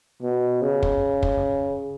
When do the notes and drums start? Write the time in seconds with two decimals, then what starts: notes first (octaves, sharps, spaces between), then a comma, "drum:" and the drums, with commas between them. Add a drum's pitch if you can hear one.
0.22 B2
0.62 C#3
0.83 drum: kick
1.23 drum: kick